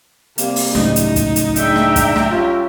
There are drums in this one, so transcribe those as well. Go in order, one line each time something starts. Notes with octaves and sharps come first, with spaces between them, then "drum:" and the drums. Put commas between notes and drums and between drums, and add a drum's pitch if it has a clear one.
C3 G3 A#3 C4, drum: hi-hat
drum: open hi-hat
C#2 F#2 A2 D#4, drum: snare
drum: hi-hat
drum: kick, hi-hat
drum: hi-hat
G#3 D4 E5 G5 A#5, drum: hi-hat
drum: snare
drum: kick, hi-hat
drum: snare
G3 C#4 F4